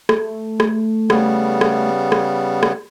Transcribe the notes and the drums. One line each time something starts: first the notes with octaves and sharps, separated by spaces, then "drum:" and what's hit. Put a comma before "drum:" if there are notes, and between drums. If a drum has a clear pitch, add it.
A3, drum: rim click
drum: rim click
C#3 G3 B3, drum: rim click
drum: rim click
drum: rim click
drum: rim click